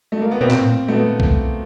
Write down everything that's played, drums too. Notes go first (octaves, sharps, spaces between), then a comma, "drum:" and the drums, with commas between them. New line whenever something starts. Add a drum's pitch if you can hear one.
A3
A#3
B3
B2 A#3 C4
A#2, drum: clap
A2
A#2
A3 B3
drum: kick B1